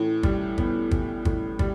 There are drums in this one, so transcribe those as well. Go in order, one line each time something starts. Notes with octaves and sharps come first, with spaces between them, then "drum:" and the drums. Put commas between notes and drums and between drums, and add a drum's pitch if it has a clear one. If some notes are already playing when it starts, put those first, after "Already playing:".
Already playing: A2 E3
G3, drum: kick
B3, drum: kick
E3, drum: kick
A2, drum: kick
G3, drum: kick